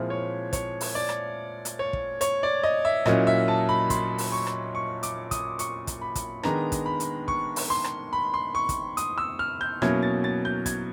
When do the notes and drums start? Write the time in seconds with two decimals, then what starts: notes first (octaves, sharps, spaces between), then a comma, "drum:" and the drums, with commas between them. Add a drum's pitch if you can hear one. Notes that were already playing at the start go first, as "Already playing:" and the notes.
Already playing: A#2 F3 G#3 C4 E4
0.10 C#5
0.53 C#5, drum: kick, hi-hat
0.81 drum: open hi-hat
0.95 D5
1.09 drum: rim click
1.65 drum: hi-hat
1.79 C#5
1.93 drum: kick
2.21 C#5, drum: hi-hat
2.43 D5
2.63 D#5
2.85 E5
3.06 A#2 F#3 A#3 C#4 E4 D#5, drum: rim click
3.27 E5
3.48 A5
3.69 B5
3.90 C6, drum: kick, hi-hat
4.18 drum: open hi-hat
4.32 C#6
4.47 drum: rim click
4.75 C#6
5.03 D6, drum: hi-hat
5.31 D#6, drum: kick, hi-hat
5.59 C#6, drum: hi-hat
5.87 drum: kick, hi-hat
6.01 B5
6.15 drum: kick, hi-hat
6.43 D#3 G#3 B3 D4 A#5, drum: rim click
6.72 drum: kick, hi-hat
6.86 B5
7.00 drum: hi-hat
7.28 C#6, drum: kick
7.56 drum: open hi-hat
7.70 C6
7.84 drum: rim click
8.13 B5
8.34 C6
8.55 C#6
8.69 drum: kick, hi-hat
8.97 D#6, drum: hi-hat
9.18 E6
9.39 F6
9.61 G6
9.82 B2 F#3 A#3 C#4 E4 G#6, drum: rim click
10.03 A6
10.24 A6
10.45 G6
10.66 G#6, drum: kick, hi-hat